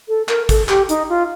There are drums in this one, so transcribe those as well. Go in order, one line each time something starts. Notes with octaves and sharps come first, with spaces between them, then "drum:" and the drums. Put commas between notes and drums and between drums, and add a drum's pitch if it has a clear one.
A4
A#4, drum: clap
A4, drum: kick, hi-hat
G4, drum: clap
D#4, drum: hi-hat
F4